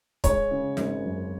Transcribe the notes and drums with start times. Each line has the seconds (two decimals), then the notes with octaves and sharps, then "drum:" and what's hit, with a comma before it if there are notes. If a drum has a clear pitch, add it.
0.24 G#3 C#5, drum: kick, hi-hat
0.51 C#3
0.77 G#1, drum: snare
1.05 F#2